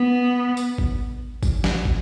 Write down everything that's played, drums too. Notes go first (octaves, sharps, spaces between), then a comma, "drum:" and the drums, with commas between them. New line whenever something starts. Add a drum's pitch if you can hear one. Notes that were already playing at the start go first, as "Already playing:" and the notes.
Already playing: B3
drum: tambourine
drum: kick
drum: kick, tambourine
drum: snare
drum: kick